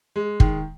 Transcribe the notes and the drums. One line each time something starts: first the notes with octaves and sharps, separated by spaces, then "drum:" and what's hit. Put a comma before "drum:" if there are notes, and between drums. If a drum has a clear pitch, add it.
G#3
D#3, drum: kick